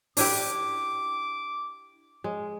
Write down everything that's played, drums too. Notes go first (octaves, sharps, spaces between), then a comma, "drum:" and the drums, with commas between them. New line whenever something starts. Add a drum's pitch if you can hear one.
D4 E4 G4 D6, drum: open hi-hat
G#3